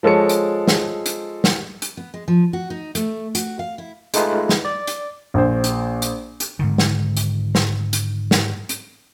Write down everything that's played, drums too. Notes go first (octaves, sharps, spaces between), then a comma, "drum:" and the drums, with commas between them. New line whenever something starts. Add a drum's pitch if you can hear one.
F3 G#3 A4 C#5 C#7
drum: hi-hat
drum: snare
drum: hi-hat
drum: snare
drum: hi-hat
B3
G#3
F3
F#4
D#4
A3, drum: hi-hat
F#4, drum: hi-hat
F5
E4
G#3 A3 D#4 F4 G#4 B4, drum: hi-hat
drum: snare
D5
drum: hi-hat
A#1 C5
drum: hi-hat
drum: hi-hat
drum: hi-hat
G#2 D3 D#3
drum: snare
drum: hi-hat
drum: snare
drum: hi-hat
drum: snare
drum: hi-hat